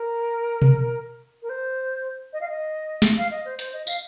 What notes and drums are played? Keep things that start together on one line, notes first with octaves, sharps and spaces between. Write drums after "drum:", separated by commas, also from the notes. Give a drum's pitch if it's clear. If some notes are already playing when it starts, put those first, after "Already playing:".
Already playing: A#4
drum: tom B2
A#4
C5
D#5
F5
D#5
drum: snare
F5
D#5
C5
C5, drum: hi-hat
D#5
F5, drum: tambourine